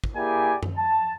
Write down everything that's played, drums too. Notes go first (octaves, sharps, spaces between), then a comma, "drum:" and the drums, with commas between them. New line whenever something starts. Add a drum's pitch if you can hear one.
drum: kick
A#3 E4 G4 G#4 D5 G#5
drum: tom F#2
A5